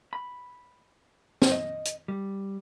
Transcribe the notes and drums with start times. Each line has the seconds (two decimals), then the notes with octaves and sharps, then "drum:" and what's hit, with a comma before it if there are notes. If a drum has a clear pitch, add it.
0.13 B5
1.42 drum: snare
1.52 D#5
1.85 drum: hi-hat
2.08 G3